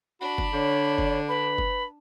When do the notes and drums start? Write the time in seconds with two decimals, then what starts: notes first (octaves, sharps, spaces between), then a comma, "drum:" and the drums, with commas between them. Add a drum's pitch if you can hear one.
0.21 D4 F#4 B5
0.38 drum: kick F#1
0.52 D3 C#5
0.98 drum: kick F#1
1.28 B4 B5
1.58 drum: kick F#1